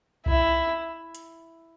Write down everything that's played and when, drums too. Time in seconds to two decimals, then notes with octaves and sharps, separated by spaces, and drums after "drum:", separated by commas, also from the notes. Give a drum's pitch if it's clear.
0.26 E4, drum: kick B1
1.15 drum: hi-hat